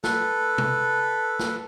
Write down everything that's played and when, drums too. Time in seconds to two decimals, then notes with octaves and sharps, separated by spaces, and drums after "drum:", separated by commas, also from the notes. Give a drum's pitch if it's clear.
0.04 A4 B4, drum: snare
0.58 drum: tom C3
1.39 drum: snare